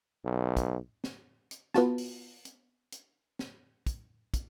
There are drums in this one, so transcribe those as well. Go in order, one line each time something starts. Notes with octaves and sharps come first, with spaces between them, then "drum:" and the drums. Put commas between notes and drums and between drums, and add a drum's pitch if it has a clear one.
B1
drum: kick, hi-hat
drum: snare
drum: hi-hat
B3 F4 F#4 A5, drum: snare
drum: open hi-hat
drum: hi-hat
drum: hi-hat
drum: snare
drum: kick, hi-hat
drum: kick, hi-hat